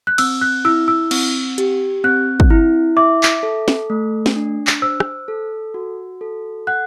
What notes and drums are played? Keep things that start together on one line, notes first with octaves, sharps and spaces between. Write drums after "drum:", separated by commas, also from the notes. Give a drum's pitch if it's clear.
F#6
C4 E6, drum: cymbal
F#6
E4 E6
E6
C4, drum: cymbal
G4, drum: hi-hat
C4 F#6
drum: kick
E4
E5 D6
drum: clap
A4
drum: snare
A3
drum: snare
D4
drum: clap
C5 E6
drum: rim click
A4
F#4
A4
F#5 F#6